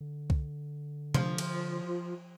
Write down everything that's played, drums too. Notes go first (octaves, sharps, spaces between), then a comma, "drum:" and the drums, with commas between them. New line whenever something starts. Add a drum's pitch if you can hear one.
D3
drum: kick C2
F3, drum: tom C3
drum: cymbal